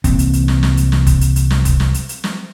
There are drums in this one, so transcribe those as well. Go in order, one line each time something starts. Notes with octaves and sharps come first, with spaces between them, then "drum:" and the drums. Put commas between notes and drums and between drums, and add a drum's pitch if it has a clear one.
C2 A#2 E3 C4, drum: kick F1, hi-hat
drum: hi-hat
drum: hi-hat
drum: snare
drum: snare
drum: hi-hat
drum: snare
drum: kick F1, hi-hat
drum: hi-hat
drum: hi-hat
drum: snare
drum: kick F1, hi-hat
drum: snare
drum: hi-hat
drum: hi-hat
drum: snare